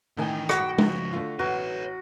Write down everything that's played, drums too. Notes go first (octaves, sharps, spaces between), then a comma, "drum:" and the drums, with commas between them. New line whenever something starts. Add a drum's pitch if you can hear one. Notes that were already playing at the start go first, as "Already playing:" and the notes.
A2 D#3 E3 G5 G#5
F#4 G5 B5, drum: rim click
C#2 F3, drum: tom G#3
D3 A3 F4
A1 F#4 B4 C#5